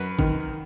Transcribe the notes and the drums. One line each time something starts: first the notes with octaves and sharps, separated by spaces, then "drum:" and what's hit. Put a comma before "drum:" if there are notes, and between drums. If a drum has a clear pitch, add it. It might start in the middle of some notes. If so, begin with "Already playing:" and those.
Already playing: F#2 B4
D#3, drum: kick G#1